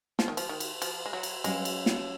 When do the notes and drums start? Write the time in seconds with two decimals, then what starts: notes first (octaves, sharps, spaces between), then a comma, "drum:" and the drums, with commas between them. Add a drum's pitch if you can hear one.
0.19 F3, drum: snare
0.28 D#3
0.37 F3, drum: cymbal
0.49 D#3
0.60 drum: cymbal
0.82 F3, drum: cymbal
1.06 G#3
1.13 F#3
1.23 drum: cymbal
1.44 F#3 G#3 C#4 F#4 B4 F5, drum: cymbal
1.65 drum: cymbal
1.86 drum: snare